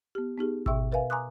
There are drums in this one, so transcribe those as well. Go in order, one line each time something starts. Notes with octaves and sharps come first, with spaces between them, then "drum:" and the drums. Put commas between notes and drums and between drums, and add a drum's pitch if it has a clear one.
B3 G4
B3 D#4 G4 G#4
B2 E5 G5 C#6 E6, drum: kick G#1
A#4 B4 E5 F5 G#5
G#5 A#5 C6 D6 D#6 F#6